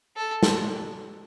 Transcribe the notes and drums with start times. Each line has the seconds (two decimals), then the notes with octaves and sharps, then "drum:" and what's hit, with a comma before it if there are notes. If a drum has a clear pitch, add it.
0.17 A4
0.43 drum: snare